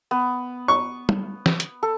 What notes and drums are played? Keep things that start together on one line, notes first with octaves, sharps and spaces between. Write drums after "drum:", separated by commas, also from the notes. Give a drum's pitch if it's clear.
B3
C#6
drum: tom G3
drum: snare E3
drum: hi-hat
A4